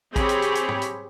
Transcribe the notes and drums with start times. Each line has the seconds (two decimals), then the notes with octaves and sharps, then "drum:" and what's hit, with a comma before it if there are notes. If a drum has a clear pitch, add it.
0.16 C4 G4 G#4 C#5 B5, drum: kick, hi-hat
0.29 drum: hi-hat
0.42 drum: hi-hat
0.55 drum: hi-hat
0.68 drum: tom
0.82 drum: hi-hat